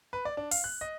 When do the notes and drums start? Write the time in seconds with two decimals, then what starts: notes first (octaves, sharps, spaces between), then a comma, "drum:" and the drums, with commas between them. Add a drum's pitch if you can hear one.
0.13 B4
0.25 D5
0.37 D4
0.51 F5, drum: open hi-hat
0.64 F#6
0.81 D#5